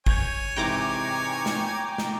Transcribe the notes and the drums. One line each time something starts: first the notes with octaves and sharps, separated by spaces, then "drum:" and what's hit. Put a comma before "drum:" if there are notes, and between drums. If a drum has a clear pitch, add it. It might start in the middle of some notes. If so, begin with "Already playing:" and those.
C#5 G#5 G6 G#6 F7, drum: kick
G#2 C3 E3 G5 A#5 D6
drum: snare
drum: snare